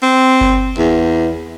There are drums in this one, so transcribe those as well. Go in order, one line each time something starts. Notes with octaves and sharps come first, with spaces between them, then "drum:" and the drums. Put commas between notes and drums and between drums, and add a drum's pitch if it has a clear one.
C4
drum: kick G1
E2